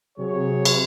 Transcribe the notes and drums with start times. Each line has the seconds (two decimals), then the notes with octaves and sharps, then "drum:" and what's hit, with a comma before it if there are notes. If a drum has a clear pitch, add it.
0.18 C3 F#3 G#4 C#5
0.65 drum: cymbal